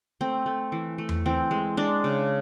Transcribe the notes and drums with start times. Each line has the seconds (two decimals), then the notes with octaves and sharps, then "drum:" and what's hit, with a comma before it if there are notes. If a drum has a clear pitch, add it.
0.21 A3 C4
0.46 A3
0.72 E3
0.98 A3
1.09 drum: tom E2
1.26 E3 C4
1.51 G#3
1.77 G#3 D4
2.04 C#3